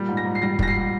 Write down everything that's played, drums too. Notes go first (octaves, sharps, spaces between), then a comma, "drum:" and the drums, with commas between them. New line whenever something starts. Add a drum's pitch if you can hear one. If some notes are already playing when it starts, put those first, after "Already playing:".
Already playing: A#2 G3
G#2
A#6
G#2
C7
G3 A#6
G3 A#6, drum: kick
C7